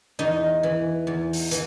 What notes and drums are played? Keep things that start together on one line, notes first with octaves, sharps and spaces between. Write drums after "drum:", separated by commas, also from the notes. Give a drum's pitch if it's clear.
E2 D#4
E3
E2
drum: open hi-hat
E3, drum: hi-hat